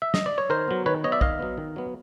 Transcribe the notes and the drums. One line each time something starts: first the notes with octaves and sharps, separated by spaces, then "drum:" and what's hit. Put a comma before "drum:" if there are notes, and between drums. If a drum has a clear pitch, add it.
E5
D#5, drum: snare
D5
C#5
D#3 A#4 C5
F#3 B3
D#3 B4 C#5
F#3 B3 C#5 D#5
D5 E5
D#3 D#5 F5, drum: kick
F#3 B3
D#3
F#3 B3